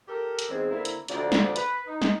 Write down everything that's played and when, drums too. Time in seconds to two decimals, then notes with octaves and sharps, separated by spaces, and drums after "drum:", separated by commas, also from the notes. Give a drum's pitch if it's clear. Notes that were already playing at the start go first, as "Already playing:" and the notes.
0.08 G4 A4 A#4
0.39 drum: hi-hat
0.49 E2 G#2 G#3 C4
0.70 D3 A#3 C4 E4
0.85 drum: hi-hat
1.08 D2 C3 F3 D5, drum: hi-hat
1.32 drum: snare
1.56 B4, drum: hi-hat
1.87 D#4
2.02 drum: snare